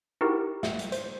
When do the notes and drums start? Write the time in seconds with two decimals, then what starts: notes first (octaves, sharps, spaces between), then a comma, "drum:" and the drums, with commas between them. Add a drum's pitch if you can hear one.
0.21 D#4 E4 F#4 G4 A#4
0.63 E5, drum: snare
0.79 drum: hi-hat
0.92 C5, drum: hi-hat